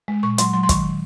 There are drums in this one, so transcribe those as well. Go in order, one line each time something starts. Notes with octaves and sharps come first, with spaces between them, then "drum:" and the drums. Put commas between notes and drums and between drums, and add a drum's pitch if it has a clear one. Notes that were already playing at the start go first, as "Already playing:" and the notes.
G#3
A#2 C#6
F#3 C6, drum: hi-hat
F#3 C6
C6
D#3 C#6, drum: kick, hi-hat